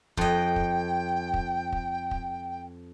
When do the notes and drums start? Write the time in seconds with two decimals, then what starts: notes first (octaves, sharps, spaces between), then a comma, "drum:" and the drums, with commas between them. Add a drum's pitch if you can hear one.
0.17 F2 D#5 G5, drum: kick
0.56 drum: kick
1.34 drum: kick
1.72 drum: kick
2.11 drum: kick